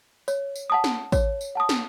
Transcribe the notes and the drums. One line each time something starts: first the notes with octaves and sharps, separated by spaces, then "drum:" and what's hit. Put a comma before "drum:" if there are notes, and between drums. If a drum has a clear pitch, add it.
C#5, drum: tambourine
drum: tambourine
F#5 A5 D#6
drum: snare
C#5, drum: kick A1, tambourine
drum: tambourine
F#5 A5 D#6
drum: snare